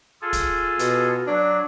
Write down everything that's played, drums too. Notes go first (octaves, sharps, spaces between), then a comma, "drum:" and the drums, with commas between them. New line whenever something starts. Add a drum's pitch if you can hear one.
F4 G#4 A4
drum: kick, hi-hat
B2, drum: hi-hat
F#3 D4